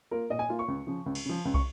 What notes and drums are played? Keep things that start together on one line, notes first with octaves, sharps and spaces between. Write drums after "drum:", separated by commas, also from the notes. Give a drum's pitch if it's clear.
A#3 F4 A#4
A#2 D#5
G#5
A#3 F4
C#6
C#2
C#3 F3
C#2
drum: cymbal
C#3 F3
C#2
C#6, drum: kick